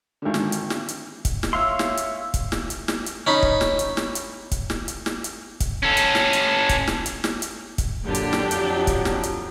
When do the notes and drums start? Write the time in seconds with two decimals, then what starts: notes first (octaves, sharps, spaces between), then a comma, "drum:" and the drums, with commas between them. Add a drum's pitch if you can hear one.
0.22 G#1 D3
0.34 drum: snare
0.52 drum: hi-hat
0.70 drum: snare
0.88 drum: hi-hat
1.25 drum: kick, hi-hat
1.43 drum: snare
1.53 C#5 E5 F5 C6
1.79 drum: snare
1.97 drum: hi-hat
2.34 drum: kick, hi-hat
2.52 drum: snare
2.70 drum: hi-hat
2.88 drum: snare
3.06 drum: hi-hat
3.27 C#4 D#4 B5
3.43 drum: kick
3.61 drum: snare
3.79 drum: hi-hat
3.97 drum: snare
4.15 drum: hi-hat
4.52 drum: kick, hi-hat
4.70 drum: snare
4.88 drum: hi-hat
5.06 drum: snare
5.24 drum: hi-hat
5.60 drum: kick, hi-hat
5.83 C#4 A4
5.97 drum: hi-hat
6.15 drum: snare
6.33 drum: hi-hat
6.69 drum: kick, hi-hat
6.87 drum: snare
7.06 drum: hi-hat
7.24 drum: snare
7.42 drum: hi-hat
7.78 drum: kick, hi-hat
8.05 F#2 A#2 D3 D4 G4 G5
8.15 drum: hi-hat
8.33 drum: snare
8.51 F2 F3 F#3, drum: hi-hat
8.87 drum: kick, hi-hat
9.05 drum: snare
9.23 drum: hi-hat